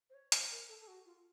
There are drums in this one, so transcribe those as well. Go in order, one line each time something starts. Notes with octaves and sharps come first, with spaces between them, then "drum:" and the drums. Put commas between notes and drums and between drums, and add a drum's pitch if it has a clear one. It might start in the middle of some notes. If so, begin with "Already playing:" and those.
C5
C#5
C5, drum: hi-hat
A#4
A4
A4
F#4
F4